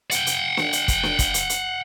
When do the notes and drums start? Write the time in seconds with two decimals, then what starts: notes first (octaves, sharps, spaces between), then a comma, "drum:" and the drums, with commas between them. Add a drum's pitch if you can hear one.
0.11 F#5 G5, drum: hi-hat
0.27 drum: hi-hat
0.57 drum: snare
0.73 drum: hi-hat
0.88 drum: kick, hi-hat
1.03 drum: snare
1.19 drum: kick, hi-hat
1.34 drum: hi-hat
1.49 drum: hi-hat